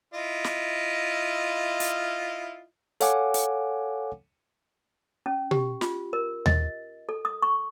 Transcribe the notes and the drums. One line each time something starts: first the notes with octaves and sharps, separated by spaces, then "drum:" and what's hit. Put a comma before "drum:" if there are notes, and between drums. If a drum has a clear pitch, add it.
E4 F4 D#5
drum: snare
drum: hi-hat
A4 C#5 F5 F#5 G#5 D6, drum: hi-hat
drum: hi-hat
C#4
G4, drum: tom B2
F4, drum: snare
A#4
D#5, drum: tom D#2
A4
D#6
C#6